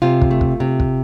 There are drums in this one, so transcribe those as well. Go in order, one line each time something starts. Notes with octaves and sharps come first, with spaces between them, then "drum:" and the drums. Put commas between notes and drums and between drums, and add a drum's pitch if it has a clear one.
C3 F4
drum: kick
A3
drum: kick
C3
drum: kick